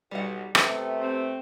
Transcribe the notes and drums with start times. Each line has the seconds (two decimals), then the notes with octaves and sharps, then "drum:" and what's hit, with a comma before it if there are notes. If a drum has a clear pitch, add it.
0.11 B1 B2 G3 F#4 F#5
0.55 C3 A3 B3 G4 G5, drum: rim click
1.01 C4